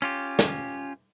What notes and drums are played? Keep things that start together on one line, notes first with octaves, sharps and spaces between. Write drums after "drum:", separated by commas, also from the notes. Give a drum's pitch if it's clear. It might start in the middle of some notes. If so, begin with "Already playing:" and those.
C#4 F4 G4
drum: snare